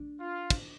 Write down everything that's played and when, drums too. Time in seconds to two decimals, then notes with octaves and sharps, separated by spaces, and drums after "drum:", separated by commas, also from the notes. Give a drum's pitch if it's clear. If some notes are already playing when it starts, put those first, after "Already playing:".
Already playing: D4
0.20 F4
0.50 drum: kick, cymbal